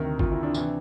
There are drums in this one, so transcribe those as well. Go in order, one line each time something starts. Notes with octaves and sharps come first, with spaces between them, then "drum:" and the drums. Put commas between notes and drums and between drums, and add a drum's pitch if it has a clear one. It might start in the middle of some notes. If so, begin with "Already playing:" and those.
Already playing: D2 C3 D#3 A#4
F4, drum: kick G#1
E4
D4
C3 E3, drum: tambourine